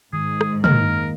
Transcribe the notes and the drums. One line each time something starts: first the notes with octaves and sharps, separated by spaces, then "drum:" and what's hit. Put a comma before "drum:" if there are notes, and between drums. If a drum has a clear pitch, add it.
G#2 D#3 G#4
drum: rim click
D#3 A#3 A#4 D#5 F6, drum: tom